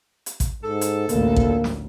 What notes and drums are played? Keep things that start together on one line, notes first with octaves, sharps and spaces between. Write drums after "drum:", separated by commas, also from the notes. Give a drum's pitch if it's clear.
drum: hi-hat
drum: kick, hi-hat
G#2 A4
drum: hi-hat
A1 D2 A#3, drum: hi-hat
drum: kick
drum: snare